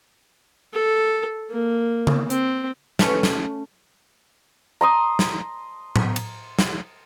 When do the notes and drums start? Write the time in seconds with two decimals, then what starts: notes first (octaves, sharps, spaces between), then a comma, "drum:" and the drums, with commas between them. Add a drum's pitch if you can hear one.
0.74 A4
1.50 A#3
2.07 drum: tom C#3
2.30 C4, drum: hi-hat
2.99 A3 C#4, drum: snare
3.23 drum: snare
4.81 A#5 C6 D#6
5.19 drum: snare
5.96 drum: tom A2
6.16 drum: cymbal
6.59 drum: snare